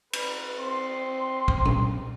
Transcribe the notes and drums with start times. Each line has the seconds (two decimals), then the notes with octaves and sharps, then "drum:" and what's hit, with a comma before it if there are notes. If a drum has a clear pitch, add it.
0.13 B4, drum: cymbal
0.60 C4 C6
1.48 drum: kick
1.65 drum: tom A#2